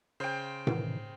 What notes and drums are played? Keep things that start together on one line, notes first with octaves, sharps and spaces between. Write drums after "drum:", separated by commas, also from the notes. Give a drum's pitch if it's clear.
C#3 C5 G5
C3 D#3 E3, drum: tom A2